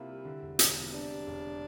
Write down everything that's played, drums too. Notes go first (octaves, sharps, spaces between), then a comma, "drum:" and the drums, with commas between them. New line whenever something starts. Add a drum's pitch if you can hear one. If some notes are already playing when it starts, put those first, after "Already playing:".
Already playing: C3 A#3 E4 F4
G3
D3
E1
E1, drum: hi-hat
E2
C3 D4
G3
E1